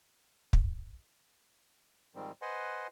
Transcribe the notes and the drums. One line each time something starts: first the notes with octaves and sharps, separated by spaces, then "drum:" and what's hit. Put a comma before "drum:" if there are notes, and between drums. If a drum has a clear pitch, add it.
drum: kick
G#2 D#3 F3 G3 C4
B4 C5 D#5 F#5 G#5 C6